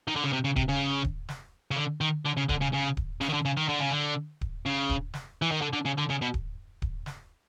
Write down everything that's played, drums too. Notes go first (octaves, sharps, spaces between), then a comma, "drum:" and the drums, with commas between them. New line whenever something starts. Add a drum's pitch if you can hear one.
D#3
D3
C#3
C3
C#3
C3, drum: kick D1
C#3
drum: kick D1
drum: snare
C#3
D3
D#3
D3
C#3
D3, drum: kick D1
C#3
C#3
drum: kick D1
C#3, drum: snare
D#3
D3
C#3
D#3
D3
C#3
D3
drum: kick D1
C#3
drum: kick D1
drum: snare
E3
D#3
D3
D3
C#3
D3
C#3
B2
drum: kick D1
drum: kick D1
drum: snare